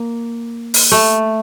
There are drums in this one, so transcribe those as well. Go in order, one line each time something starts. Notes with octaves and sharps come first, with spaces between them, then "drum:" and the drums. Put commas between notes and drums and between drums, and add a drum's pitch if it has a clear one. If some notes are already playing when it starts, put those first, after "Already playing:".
Already playing: A#3
drum: open hi-hat
A3